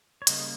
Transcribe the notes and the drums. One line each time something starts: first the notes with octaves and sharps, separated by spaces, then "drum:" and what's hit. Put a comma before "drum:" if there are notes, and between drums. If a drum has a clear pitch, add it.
C#5
C#3 G3 A#3 D#5, drum: hi-hat